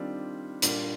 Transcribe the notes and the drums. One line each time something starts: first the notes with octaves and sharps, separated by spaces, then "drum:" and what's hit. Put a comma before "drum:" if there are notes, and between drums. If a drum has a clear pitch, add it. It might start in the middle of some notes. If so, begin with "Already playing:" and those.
Already playing: D#3 G3 C4 D4 F4
A#2 G3 A#3 D4 F4, drum: hi-hat